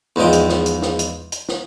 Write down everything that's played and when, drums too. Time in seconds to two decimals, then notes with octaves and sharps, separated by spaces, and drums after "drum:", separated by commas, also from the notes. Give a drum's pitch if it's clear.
0.16 E2 G#2 F3 D#5 G5
0.33 drum: hi-hat
0.49 drum: snare
0.66 drum: hi-hat
0.82 drum: snare
0.99 drum: hi-hat
1.32 drum: hi-hat
1.49 drum: snare